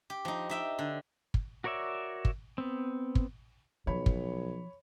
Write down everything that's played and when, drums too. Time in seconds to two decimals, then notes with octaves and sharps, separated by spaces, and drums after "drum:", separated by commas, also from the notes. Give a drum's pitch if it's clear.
0.10 G4
0.25 F3 D#4
0.49 D#4 E5 G5
0.79 D3
1.34 drum: kick
1.64 F#4 A#4 C#5 D5 E5
2.25 drum: kick
2.58 B3 C4
3.15 drum: kick
3.87 B1 F3 C#5 B5
4.06 drum: kick